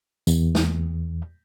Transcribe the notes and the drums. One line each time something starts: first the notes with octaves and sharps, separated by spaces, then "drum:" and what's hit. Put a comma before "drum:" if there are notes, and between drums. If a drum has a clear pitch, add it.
E2, drum: tambourine
drum: snare G#3